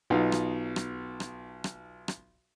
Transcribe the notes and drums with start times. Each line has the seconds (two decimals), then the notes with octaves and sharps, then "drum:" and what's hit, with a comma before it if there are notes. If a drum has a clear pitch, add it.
0.10 B1 B2 D#4 F4
0.32 drum: rim click
0.76 drum: rim click
1.20 drum: rim click
1.64 drum: rim click
2.08 drum: rim click